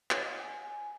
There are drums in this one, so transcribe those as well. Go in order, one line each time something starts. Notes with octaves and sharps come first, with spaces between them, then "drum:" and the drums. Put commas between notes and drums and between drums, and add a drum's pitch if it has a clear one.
C#5, drum: clap
D#5
F#5
G#5
G#5